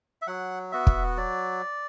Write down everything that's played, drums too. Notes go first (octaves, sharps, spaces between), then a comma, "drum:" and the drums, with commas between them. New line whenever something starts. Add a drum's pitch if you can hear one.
E5
F#3 F#5
B3 F#4 E5
drum: kick
F#3 D5